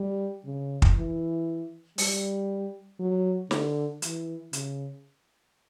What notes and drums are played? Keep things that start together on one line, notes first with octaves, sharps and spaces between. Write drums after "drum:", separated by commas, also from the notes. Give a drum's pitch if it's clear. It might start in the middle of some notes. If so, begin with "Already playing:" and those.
Already playing: G3
C#3
drum: kick
E3
G3, drum: open hi-hat
F#3
D3, drum: snare
E3, drum: hi-hat
C#3, drum: hi-hat